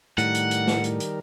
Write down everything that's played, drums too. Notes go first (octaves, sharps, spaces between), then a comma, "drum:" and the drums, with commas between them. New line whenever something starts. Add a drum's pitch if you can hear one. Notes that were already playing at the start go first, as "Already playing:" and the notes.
A2 D#3 G3 A#4 F#5, drum: hi-hat
drum: hi-hat
drum: hi-hat
drum: snare
drum: hi-hat
drum: hi-hat